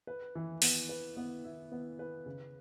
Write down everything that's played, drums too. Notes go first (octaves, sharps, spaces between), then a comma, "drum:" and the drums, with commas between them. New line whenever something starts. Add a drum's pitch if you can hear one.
B4
E3
B3, drum: open hi-hat
B4
B3
E4
B3
B4
C#3